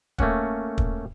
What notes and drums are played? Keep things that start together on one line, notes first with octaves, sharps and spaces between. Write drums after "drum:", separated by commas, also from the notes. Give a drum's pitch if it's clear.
A3 A#3 C#4 F#5, drum: kick
drum: kick